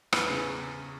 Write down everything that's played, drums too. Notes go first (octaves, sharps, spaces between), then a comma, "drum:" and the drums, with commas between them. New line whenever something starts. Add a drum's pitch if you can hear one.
E2 B4, drum: rim click
C#3